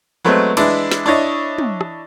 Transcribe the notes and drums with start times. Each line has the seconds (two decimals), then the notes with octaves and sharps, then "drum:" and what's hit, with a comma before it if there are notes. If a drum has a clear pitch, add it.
0.24 F#3 G#3 A3 B3 C4
0.57 E3 G#3 D4 E4, drum: cymbal
0.91 drum: snare
1.06 D4 E4 C#5 D#5
1.58 drum: tom
1.81 drum: rim click